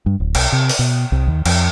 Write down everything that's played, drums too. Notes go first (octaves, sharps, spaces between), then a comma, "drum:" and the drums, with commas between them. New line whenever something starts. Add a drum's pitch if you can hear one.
G2
D1
B1, drum: cymbal
C3
drum: open hi-hat
B2
C2
D#2
F2, drum: cymbal